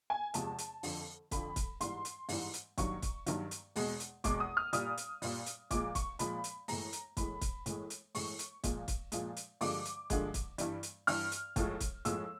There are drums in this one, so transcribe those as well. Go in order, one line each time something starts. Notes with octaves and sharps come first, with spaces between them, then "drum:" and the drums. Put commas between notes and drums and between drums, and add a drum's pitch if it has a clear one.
G#5
E2 C3 F3 G#3 A5, drum: hi-hat
drum: hi-hat
F2 D3 F3, drum: open hi-hat
F2 D3 F3 B5, drum: kick, hi-hat
drum: kick, hi-hat
G#2 E3 G3 C6, drum: hi-hat
drum: hi-hat
G#2 E3 G3, drum: open hi-hat
drum: hi-hat
G2 D#3 F#3 C#6, drum: kick, hi-hat
drum: kick, hi-hat
G2 D#3 F#3, drum: hi-hat
drum: hi-hat
E2 B2 G#3, drum: open hi-hat
drum: hi-hat
E2 B2 G#3 D6, drum: kick, hi-hat
D#6
F6
A#2 G3 D#6, drum: hi-hat
drum: hi-hat
A#2 G3, drum: open hi-hat
drum: hi-hat
A#2 F3 G#3 D6, drum: kick, hi-hat
C#6, drum: kick, hi-hat
A#2 F3 G#3 B5, drum: hi-hat
drum: hi-hat
A2 E3 G#3 A#5, drum: open hi-hat
drum: hi-hat
A2 E3 G#3 B5, drum: kick, hi-hat
drum: kick, hi-hat
A2 E3 G#3, drum: hi-hat
drum: hi-hat
A2 E3 G#3 C#6, drum: open hi-hat
drum: hi-hat
A#2 F3 G#3, drum: kick, hi-hat
drum: kick, hi-hat
A#2 F3 G#3, drum: hi-hat
drum: hi-hat
G2 D3 F3 G#3 D6, drum: open hi-hat
drum: hi-hat
G2 D3 F3 G#3, drum: kick, hi-hat
drum: kick, hi-hat
G2 E3 G3, drum: hi-hat
drum: hi-hat
G2 E3 G3 F6, drum: open hi-hat
drum: hi-hat
A2 F3 G#3, drum: kick, hi-hat
drum: kick, hi-hat
A2 F3 G#3 E6, drum: hi-hat